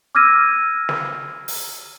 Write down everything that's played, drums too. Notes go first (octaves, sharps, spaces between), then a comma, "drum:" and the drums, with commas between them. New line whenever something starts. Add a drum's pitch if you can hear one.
D6 E6 F6 G#6 A#6 D#7
drum: snare
drum: open hi-hat